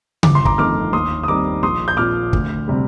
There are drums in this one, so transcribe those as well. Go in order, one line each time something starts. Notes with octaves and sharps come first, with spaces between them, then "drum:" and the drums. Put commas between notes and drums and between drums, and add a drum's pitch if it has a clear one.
G1 D6, drum: tom C#3
C6
A#5 D6, drum: kick
F2 D#3 A3 D6 F6
D#2 C6 D#6
D#6
D#3 G3 C4 A#5 D6
A#1 C6 D#6
G6
A#2 F3 D6 F6
D2, drum: kick
C3 G3